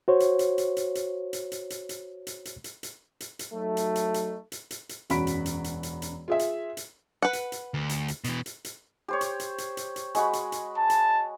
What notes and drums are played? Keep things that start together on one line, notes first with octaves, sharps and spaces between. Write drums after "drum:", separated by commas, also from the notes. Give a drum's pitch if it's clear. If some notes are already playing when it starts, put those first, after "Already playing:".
F#4 C5 C#5
drum: hi-hat
drum: hi-hat
drum: hi-hat
drum: hi-hat
drum: hi-hat
drum: hi-hat
drum: hi-hat
drum: hi-hat
drum: hi-hat
drum: hi-hat
drum: hi-hat
drum: hi-hat
drum: hi-hat
drum: hi-hat
drum: hi-hat
F#3 A3 D#4
drum: hi-hat
drum: hi-hat
drum: hi-hat
drum: hi-hat
drum: hi-hat
drum: hi-hat
E1 F#2 F#4 B5 B6 D7, drum: hi-hat
drum: hi-hat
drum: hi-hat
drum: hi-hat
drum: hi-hat
drum: hi-hat
F4 G#4 E5
drum: hi-hat
drum: hi-hat
B4 F#5
drum: hi-hat
drum: hi-hat
D2
drum: hi-hat
drum: hi-hat
B2 E3, drum: hi-hat
drum: hi-hat
drum: hi-hat
G4 C5 C#5
drum: hi-hat
drum: hi-hat
drum: hi-hat
drum: hi-hat
drum: hi-hat
G#3 F#4 B5, drum: hi-hat
drum: hi-hat
drum: hi-hat
A5
drum: hi-hat